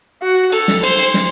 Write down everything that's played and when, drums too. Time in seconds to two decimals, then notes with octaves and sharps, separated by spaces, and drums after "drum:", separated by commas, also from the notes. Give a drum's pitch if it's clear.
0.22 F#4
0.52 A4, drum: cymbal
0.68 drum: snare
0.83 C5, drum: cymbal
0.99 drum: cymbal
1.14 drum: snare